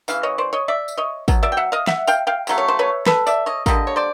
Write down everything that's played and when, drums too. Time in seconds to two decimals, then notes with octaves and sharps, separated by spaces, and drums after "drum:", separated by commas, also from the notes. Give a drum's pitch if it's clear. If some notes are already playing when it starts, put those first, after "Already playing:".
0.08 C#3 E3 F5, drum: tambourine
0.23 C#5 D#5
0.38 C5 D5
0.53 C#5 D#5
0.68 D5 E5
0.88 drum: tambourine
0.97 C#5 D#5
1.28 B2 F#3, drum: kick, tambourine
1.43 D5 E5
1.52 G5
1.57 E5 F#5
1.72 D#5 F5
1.87 E5 F#5, drum: snare
2.07 F5 G5, drum: tambourine
2.27 F5 G5
2.47 C#3 F#3 A3, drum: tambourine
2.58 C#5
2.68 C5
2.79 B4 C#5
3.06 A4 B4, drum: snare
3.27 D5 E5, drum: tambourine
3.46 C#5 D#5
3.66 D3 G3 A#3 D#5, drum: kick, tambourine
3.87 C#5
3.96 C5 D5